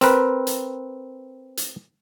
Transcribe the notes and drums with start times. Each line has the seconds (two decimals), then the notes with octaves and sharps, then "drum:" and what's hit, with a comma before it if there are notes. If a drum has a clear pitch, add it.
0.01 C4 A#4 B4, drum: hi-hat
0.47 drum: hi-hat
1.57 drum: hi-hat